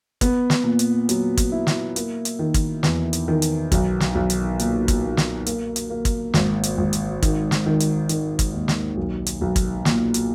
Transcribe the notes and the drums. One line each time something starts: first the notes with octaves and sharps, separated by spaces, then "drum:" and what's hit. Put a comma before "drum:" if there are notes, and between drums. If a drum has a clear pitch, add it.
B3, drum: kick, hi-hat
drum: snare
A#2
drum: hi-hat
F#3, drum: hi-hat
drum: kick, hi-hat
E4
drum: snare
A#3, drum: hi-hat
drum: hi-hat
D#3
drum: kick, hi-hat
E2, drum: snare
drum: hi-hat
D#3
drum: hi-hat
B1, drum: kick, hi-hat
drum: snare
B1
drum: hi-hat
A#2, drum: hi-hat
drum: kick, hi-hat
A#3
drum: snare
A#3, drum: hi-hat
drum: hi-hat
A#3
drum: kick, hi-hat
G#1, drum: snare
drum: hi-hat
G#1
drum: hi-hat
D#3, drum: kick, hi-hat
drum: snare
D#3
drum: hi-hat
D#3, drum: hi-hat
drum: kick, hi-hat
D#2
drum: snare
B1
drum: hi-hat
B1
drum: kick, hi-hat
A#2, drum: snare
drum: hi-hat